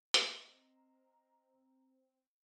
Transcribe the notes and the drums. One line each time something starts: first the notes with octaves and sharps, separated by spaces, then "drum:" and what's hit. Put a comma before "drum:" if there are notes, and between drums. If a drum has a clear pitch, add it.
C4 D#5 A#5 C6 E6, drum: hi-hat